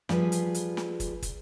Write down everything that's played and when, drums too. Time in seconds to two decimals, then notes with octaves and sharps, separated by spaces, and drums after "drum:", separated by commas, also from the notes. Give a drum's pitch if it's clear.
0.09 F3 G3 G#4 B4, drum: snare
0.32 drum: hi-hat
0.54 drum: hi-hat
0.77 drum: snare
1.00 drum: kick, hi-hat
1.22 drum: kick, hi-hat